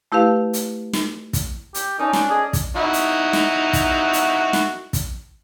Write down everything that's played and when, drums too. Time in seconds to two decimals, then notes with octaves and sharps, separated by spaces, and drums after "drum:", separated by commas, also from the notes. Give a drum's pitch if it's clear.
0.12 A3 E4 G4 B4 F5
0.53 drum: hi-hat
0.93 drum: snare
1.33 drum: kick, hi-hat
1.74 G4, drum: hi-hat
1.99 C#4 D#4 D5 A5
2.13 D4, drum: snare
2.30 G#4 D5 D#5 D6
2.53 drum: kick, hi-hat
2.76 D#4 E4 F#4
2.93 drum: hi-hat
3.33 drum: snare
3.73 drum: kick, hi-hat
4.13 drum: hi-hat
4.53 drum: snare
4.93 drum: kick, hi-hat